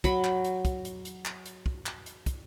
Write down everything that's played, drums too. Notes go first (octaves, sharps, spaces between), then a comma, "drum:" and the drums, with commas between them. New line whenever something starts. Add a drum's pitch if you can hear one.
F#3 B5, drum: kick, hi-hat
drum: clap
drum: hi-hat
drum: kick, hi-hat
drum: hi-hat
drum: hi-hat
drum: clap
drum: hi-hat
drum: kick
drum: clap
drum: hi-hat
drum: kick, hi-hat